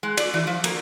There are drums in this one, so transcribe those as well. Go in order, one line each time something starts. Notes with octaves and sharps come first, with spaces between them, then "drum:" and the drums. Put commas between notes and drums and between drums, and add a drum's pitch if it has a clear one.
G#3
D5, drum: cymbal
E3
F3
A#3, drum: cymbal